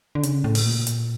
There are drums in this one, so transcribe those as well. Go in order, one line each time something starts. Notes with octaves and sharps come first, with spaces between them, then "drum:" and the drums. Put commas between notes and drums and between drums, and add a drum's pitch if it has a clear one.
D3
C#3, drum: hi-hat
A2
drum: open hi-hat
A#2
drum: hi-hat